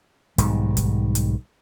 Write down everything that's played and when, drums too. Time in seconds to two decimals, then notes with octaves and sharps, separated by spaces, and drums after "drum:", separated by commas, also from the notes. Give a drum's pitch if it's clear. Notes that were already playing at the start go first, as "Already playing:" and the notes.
0.38 B1 G#2 D#3 G3, drum: hi-hat
0.77 drum: kick, hi-hat
1.15 drum: hi-hat